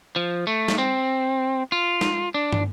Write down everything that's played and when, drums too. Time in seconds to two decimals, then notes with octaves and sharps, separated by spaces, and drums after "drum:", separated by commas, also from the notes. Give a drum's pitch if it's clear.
0.16 F3
0.47 A3
0.68 drum: snare
0.78 C4
1.72 F4
2.01 drum: snare
2.34 D4
2.53 drum: tom